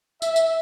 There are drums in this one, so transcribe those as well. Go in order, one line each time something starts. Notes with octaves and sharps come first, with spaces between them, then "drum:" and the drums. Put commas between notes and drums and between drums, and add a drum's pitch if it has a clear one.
E5, drum: tambourine
drum: tambourine